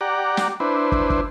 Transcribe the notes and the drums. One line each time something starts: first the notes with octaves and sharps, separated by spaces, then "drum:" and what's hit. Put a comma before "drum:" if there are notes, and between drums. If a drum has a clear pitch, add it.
G4 D5 F#5 A#5
drum: snare
D4 E4 B4 C5
drum: kick
drum: kick